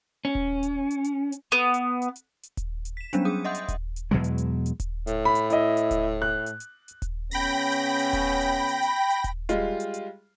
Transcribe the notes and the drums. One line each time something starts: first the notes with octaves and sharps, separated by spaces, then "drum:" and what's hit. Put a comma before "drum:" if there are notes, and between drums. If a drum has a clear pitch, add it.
C#4
drum: kick D#1
drum: hi-hat
drum: hi-hat
drum: hi-hat
drum: hi-hat
B3
drum: hi-hat
drum: hi-hat
drum: hi-hat
drum: hi-hat
drum: kick D#1, hi-hat
drum: hi-hat
B6 E7
F#3 G3 B3 C#4 D4, drum: hi-hat
G#4 D#6 D#7
D#5 E5 F#5 C6 D#6 G6
drum: hi-hat
drum: kick D#1, hi-hat
drum: hi-hat
E2 B2 F#3 G#3
drum: hi-hat
drum: hi-hat
drum: hi-hat
drum: kick D#1, hi-hat
A2, drum: hi-hat
B5
drum: hi-hat
E4 D#5, drum: hi-hat
drum: hi-hat
drum: kick D#1, hi-hat
F#6
drum: hi-hat
drum: hi-hat
drum: hi-hat
drum: kick D#1, hi-hat
C#3 B3 C#4 G5 B5 A#6, drum: hi-hat
drum: hi-hat
drum: hi-hat
drum: kick D#1, hi-hat
drum: hi-hat
drum: hi-hat
drum: hi-hat
drum: hi-hat
drum: kick D#1, hi-hat
G3 G#3 F4, drum: hi-hat
drum: hi-hat
drum: hi-hat